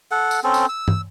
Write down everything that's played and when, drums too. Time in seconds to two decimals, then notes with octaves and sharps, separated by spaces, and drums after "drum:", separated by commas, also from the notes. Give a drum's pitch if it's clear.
0.11 A4 F#5
0.31 drum: tambourine
0.44 C4 C#4 A4
0.54 drum: tambourine
0.69 E6
0.88 drum: tom